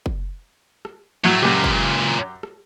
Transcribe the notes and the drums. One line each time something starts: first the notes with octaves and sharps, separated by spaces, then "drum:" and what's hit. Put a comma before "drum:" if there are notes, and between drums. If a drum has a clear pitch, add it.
drum: kick
drum: rim click
A2 F#3 A3
C#2 F#2 A#2 G4
drum: kick
drum: rim click